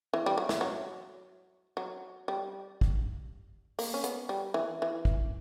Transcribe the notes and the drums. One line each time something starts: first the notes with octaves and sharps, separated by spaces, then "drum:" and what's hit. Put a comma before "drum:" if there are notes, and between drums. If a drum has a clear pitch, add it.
E3
G3
F#3
E3, drum: snare
F#3
F#3
G3
drum: kick
A#3, drum: open hi-hat
C#4
B3, drum: hi-hat
G3
E3
E3
drum: kick